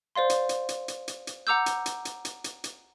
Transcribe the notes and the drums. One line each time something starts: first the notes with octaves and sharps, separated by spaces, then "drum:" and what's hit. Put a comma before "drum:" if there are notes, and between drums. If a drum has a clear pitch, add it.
C5 D5 F5 C6
drum: hi-hat
drum: hi-hat
drum: hi-hat
drum: hi-hat
drum: hi-hat
drum: hi-hat
F#5 A#5 D6 E6 G6
drum: hi-hat
drum: hi-hat
drum: hi-hat
drum: hi-hat
drum: hi-hat
drum: hi-hat